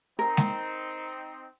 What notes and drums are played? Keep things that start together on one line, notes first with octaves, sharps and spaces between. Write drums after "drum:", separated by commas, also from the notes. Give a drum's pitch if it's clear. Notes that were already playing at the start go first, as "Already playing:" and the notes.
C4 D#4 A#4
drum: snare G#3